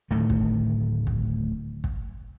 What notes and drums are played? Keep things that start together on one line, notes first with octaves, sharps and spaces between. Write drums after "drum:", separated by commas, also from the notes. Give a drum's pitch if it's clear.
D1 A2 D#3 A3
drum: kick
drum: kick
drum: kick